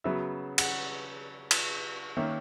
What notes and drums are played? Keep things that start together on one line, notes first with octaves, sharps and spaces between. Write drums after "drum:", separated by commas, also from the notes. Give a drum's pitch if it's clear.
C#3 F#3 B3 E5
F#5, drum: cymbal
drum: cymbal
D#3 A#3 C#4 E5